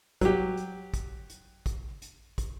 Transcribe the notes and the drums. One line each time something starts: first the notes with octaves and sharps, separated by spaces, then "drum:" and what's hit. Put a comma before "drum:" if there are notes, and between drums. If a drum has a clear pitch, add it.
F#3 G4, drum: kick, hi-hat
drum: hi-hat
drum: kick, hi-hat
drum: hi-hat
drum: kick, hi-hat
drum: hi-hat
drum: kick, hi-hat